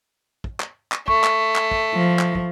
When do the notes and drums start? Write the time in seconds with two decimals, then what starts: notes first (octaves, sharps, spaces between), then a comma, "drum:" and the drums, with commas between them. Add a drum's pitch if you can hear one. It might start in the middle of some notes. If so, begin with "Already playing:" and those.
0.44 drum: kick
0.60 drum: clap
0.92 drum: clap
1.08 A3 C#6, drum: kick
1.24 drum: clap
1.56 drum: clap
1.71 drum: kick
1.94 F3
2.19 drum: clap
2.35 drum: kick